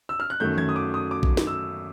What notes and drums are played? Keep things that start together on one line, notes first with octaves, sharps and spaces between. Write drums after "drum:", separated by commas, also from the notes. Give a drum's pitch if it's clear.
E6
F6
F#6
F#2 D#3 F#3 A3 G6
G#6, drum: tom D#3
D#6
D6
D#6
D6
drum: kick A#1
drum: snare
E6